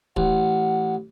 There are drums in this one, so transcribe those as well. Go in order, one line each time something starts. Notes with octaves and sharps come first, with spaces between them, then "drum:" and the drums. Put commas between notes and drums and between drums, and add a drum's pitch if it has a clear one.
A1 F#5, drum: kick